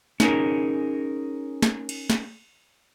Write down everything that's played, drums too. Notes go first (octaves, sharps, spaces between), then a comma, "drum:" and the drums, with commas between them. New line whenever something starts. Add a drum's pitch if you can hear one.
C#4 D#4 G#4 A#4, drum: snare
drum: snare
drum: cymbal
drum: snare